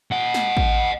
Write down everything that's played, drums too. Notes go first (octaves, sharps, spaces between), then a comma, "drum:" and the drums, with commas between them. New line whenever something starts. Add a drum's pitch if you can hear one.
D#5 F#5
drum: snare
drum: kick